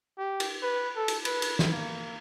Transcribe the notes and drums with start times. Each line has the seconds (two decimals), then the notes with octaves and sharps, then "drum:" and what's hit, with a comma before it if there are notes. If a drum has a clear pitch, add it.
0.18 G4
0.40 drum: cymbal
0.63 B4
0.96 A4
1.08 drum: cymbal
1.25 B4, drum: cymbal
1.42 drum: cymbal
1.59 drum: snare
1.72 A#3